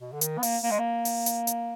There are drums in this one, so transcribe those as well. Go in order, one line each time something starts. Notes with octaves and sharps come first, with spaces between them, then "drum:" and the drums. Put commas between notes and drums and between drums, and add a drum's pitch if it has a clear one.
B2
D3
D#3, drum: hi-hat
B3
A#3, drum: open hi-hat
A#3
G#3
A#3
drum: open hi-hat
drum: hi-hat
drum: hi-hat